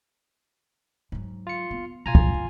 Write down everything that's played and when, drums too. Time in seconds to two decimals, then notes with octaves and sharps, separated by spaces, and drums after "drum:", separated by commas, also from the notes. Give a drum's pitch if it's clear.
1.12 G#2 F#3
1.47 F4 C#7
1.71 B3
2.06 B2 F4 G#5 A#5
2.15 drum: kick
2.34 A1